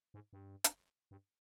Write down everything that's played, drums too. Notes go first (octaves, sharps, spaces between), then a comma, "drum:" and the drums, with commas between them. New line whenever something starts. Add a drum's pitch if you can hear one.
G#2
G2
drum: hi-hat
G2